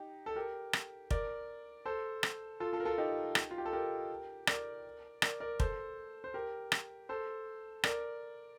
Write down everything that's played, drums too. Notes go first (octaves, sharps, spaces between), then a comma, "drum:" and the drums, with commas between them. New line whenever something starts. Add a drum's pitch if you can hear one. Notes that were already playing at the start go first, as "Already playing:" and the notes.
Already playing: D#4 G4
A4
G4 A#4
drum: rim click
A#4 D5, drum: kick
A4 C5
drum: rim click
F4 A4
F4 A4
A#4
F4 A4
D#4 G4
drum: rim click
F4
G4
A4
G4 A#4
A#4 D5, drum: rim click
A#4 D5, drum: rim click
A#4 D5
A4 C5, drum: kick
C5
G4 A#4
drum: rim click
A4 C5
A#4 D5, drum: rim click